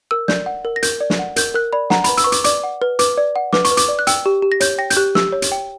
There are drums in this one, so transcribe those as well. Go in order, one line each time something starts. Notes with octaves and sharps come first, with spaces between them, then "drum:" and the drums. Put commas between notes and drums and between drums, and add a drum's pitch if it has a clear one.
A#4 E6
D5 G6, drum: snare
F#5
A#4
A#6
A#4 G6, drum: hi-hat
D5
drum: snare
F#5
A#4 G6, drum: hi-hat
A#4 F#6
D5 B5
F#5 A#5, drum: snare
B5, drum: hi-hat
B4
E6, drum: hi-hat
C#6
B4
D6, drum: hi-hat
D5 D6, drum: hi-hat
F#5
B4
B4 D6, drum: hi-hat
D5
F#5
B4 D6, drum: snare
C#6, drum: hi-hat
B4
D6, drum: hi-hat
D5
F#6
G5 E6, drum: hi-hat
G4
G4
A#6
C#5 G6, drum: hi-hat
G5 A#6
G6, drum: hi-hat
G4 F#6
G4 E6, drum: snare
C#5
drum: hi-hat
G5